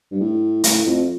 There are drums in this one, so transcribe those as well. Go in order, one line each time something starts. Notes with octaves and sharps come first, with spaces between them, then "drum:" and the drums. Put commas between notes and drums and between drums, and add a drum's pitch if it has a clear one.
G2
A2
A2, drum: hi-hat
F2